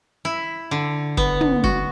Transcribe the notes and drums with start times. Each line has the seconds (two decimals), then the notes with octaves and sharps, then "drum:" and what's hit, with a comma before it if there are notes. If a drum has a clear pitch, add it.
0.25 E4
0.71 D3
1.17 B3, drum: kick
1.41 drum: tom
1.64 F#4, drum: kick